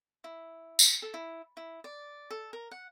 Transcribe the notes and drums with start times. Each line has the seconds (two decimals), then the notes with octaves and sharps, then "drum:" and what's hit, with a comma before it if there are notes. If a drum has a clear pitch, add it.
0.24 E4
0.79 drum: tambourine
1.02 A4
1.14 E4
1.57 E4
1.84 D5
2.30 A4
2.53 A#4
2.71 F#5